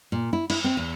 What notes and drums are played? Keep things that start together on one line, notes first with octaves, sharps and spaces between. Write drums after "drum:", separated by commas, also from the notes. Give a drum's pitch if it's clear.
A#2
E4
E4, drum: cymbal
C4
E2